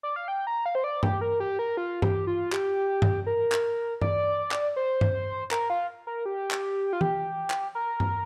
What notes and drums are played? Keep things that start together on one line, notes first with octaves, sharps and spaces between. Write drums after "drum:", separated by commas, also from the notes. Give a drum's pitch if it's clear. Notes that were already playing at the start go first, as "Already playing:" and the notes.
D5
F5
G5
A#5
F5
C5
D5
G4, drum: tom G2
A#4
G4
A#4
F4
G4, drum: tom G2
F4
G4, drum: clap
drum: tom G2
A#4
drum: clap
D5, drum: tom G2
drum: clap
C5
drum: tom G2
A#4, drum: clap
F4
A#4
G4
drum: clap
F4
G4, drum: tom E3
drum: clap
A#4
drum: tom G2